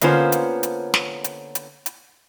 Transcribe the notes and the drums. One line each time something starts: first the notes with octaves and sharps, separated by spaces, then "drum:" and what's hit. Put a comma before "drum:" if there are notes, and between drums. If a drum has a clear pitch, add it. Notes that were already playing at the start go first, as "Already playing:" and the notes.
D3 A#3 B3 C#4 F4 C5, drum: hi-hat
drum: hi-hat
drum: hi-hat
drum: snare
drum: hi-hat
drum: hi-hat
drum: hi-hat